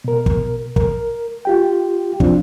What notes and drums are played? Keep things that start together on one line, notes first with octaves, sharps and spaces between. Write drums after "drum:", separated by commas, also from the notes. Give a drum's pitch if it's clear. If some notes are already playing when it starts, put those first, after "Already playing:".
B2 A#4
drum: kick
A#4, drum: kick
F4 G4 G5
F3 C4 D4 F4, drum: kick